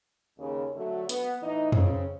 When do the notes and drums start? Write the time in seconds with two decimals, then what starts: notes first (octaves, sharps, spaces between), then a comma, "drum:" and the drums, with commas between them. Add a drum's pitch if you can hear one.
0.39 D#2 C#3
0.76 D3 F#3 A3
1.09 B3, drum: hi-hat
1.43 A2 E3 D#4
1.72 C#3 C4, drum: tom F2